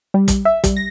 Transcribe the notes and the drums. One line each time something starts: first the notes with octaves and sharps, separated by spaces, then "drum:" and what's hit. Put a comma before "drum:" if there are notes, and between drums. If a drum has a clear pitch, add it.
G3
drum: kick, hi-hat
E5
G3, drum: kick, hi-hat
A#6